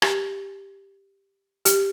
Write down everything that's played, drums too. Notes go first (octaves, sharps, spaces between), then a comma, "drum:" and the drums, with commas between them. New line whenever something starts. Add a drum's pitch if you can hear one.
G4, drum: rim click
G4, drum: hi-hat